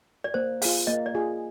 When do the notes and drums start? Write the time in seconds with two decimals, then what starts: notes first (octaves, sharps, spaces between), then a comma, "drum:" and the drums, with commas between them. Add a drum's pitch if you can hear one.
0.24 D5
0.34 A#3 C5
0.62 F4 G#4 F5, drum: open hi-hat
0.87 A#3 D#5
1.06 D5
1.15 F4 G#4